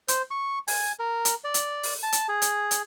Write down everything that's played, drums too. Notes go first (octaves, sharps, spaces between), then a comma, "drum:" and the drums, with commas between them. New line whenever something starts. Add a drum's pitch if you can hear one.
C5, drum: hi-hat
C#6
G#5, drum: open hi-hat
A#4
drum: hi-hat
D5
drum: hi-hat
drum: open hi-hat
A5
drum: hi-hat
G#4
drum: hi-hat
drum: hi-hat